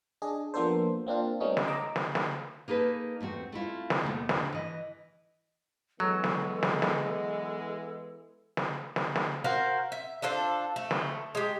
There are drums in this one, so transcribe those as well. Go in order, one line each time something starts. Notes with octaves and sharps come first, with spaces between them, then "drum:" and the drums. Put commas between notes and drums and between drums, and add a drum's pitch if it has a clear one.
D4 G#4 D#5
F3 A#3 B3 D4 A4 C5
A#3 C4 D4 F4
G3 A3 B3 C#4 D#4
drum: snare
D#5 A#5 D6 E6
drum: snare
drum: snare
A#3 D#4 G#4 A4 B4
E2 A3 C4 F#4
A3 C4 E4 F4
drum: snare
D#2 B2 A3
D4, drum: snare
E3 D#5
E3 F#3 G#3 B3 A4
drum: snare
drum: snare
drum: snare
drum: snare
drum: snare
drum: snare
F#4 A#4 C5 F5
E5
D4 F4 A4 C5
A3
drum: snare
G#3 G4